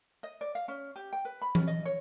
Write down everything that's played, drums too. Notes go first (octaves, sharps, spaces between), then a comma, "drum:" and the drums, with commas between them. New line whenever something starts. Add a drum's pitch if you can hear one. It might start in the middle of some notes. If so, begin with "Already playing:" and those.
D#5
D5
F5
C#4
G4
G5
B4
B5
C#4, drum: tom E3
D#5
C#5